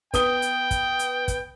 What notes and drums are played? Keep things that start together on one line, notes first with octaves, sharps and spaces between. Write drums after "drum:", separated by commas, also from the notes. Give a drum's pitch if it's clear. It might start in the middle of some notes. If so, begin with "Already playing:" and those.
B3 G5 D#6 G7, drum: kick, hi-hat
drum: hi-hat
drum: kick, hi-hat
drum: hi-hat
drum: kick, hi-hat